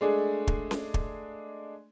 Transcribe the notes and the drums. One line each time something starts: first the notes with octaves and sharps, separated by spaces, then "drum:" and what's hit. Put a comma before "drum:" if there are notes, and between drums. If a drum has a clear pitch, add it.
G#3 A3 D4 G#4
drum: kick
drum: snare C#4
drum: kick